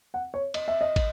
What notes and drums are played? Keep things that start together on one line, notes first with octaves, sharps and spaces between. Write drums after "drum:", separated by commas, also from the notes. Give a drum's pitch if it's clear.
F#5
C#5
D#5, drum: cymbal
E5
D#5
drum: kick, cymbal